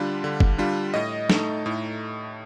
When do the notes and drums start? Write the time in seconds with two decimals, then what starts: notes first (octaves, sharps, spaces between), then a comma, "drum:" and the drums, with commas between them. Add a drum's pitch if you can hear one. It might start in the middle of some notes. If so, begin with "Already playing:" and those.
Already playing: D3 G3 D4 F4
0.24 D3
0.40 drum: kick
0.58 G3 D4 F4
0.94 A2 D#5
1.30 A3 D#4, drum: snare
1.66 A2